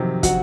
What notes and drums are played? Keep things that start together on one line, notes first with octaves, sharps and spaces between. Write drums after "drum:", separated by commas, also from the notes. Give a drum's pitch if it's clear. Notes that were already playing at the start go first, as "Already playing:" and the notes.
Already playing: F2 C3 D#3 F#3
F#4 F#5, drum: kick, hi-hat